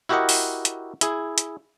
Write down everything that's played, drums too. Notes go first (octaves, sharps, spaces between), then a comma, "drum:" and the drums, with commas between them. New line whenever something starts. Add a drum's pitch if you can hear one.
E4 F#4 G4 A#4 D#5 F#5
drum: open hi-hat
drum: hi-hat
E4 G#4, drum: hi-hat
drum: hi-hat